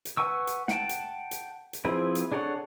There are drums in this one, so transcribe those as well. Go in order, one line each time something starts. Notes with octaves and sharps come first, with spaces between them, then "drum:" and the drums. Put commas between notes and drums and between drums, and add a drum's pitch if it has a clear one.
drum: hi-hat
B4 F#5 G#5 C#6 E6
drum: hi-hat
F#5 G5 A5, drum: snare
drum: hi-hat
drum: hi-hat
drum: hi-hat
F3 C4 E4 G#4 B4
drum: hi-hat
D4 G#4 A4 C#5 F#5